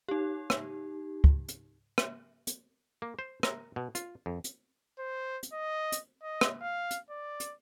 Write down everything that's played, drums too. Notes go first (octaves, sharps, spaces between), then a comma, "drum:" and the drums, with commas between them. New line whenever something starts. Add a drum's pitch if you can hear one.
D#4 G4
drum: rim click
drum: kick
drum: hi-hat
drum: rim click
drum: hi-hat
A#3
C5
A#4, drum: rim click
B2
F4, drum: hi-hat
F2
drum: hi-hat
C5
drum: hi-hat
D#5
drum: hi-hat
D#5
drum: rim click
F5
drum: hi-hat
D5
drum: hi-hat